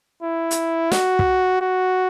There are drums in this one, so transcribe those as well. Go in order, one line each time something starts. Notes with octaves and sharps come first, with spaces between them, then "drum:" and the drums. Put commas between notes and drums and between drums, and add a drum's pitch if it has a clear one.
E4
drum: hi-hat
F#4, drum: snare
drum: kick
F#4